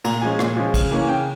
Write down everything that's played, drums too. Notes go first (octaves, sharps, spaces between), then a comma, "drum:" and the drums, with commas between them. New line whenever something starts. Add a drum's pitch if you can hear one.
A#2 A#5, drum: cymbal
F3 G#3 C#4 G#5
A#2, drum: rim click
F3 G#3 C#4
C#3, drum: kick, cymbal
E3 A#3 C#4
C#3 G5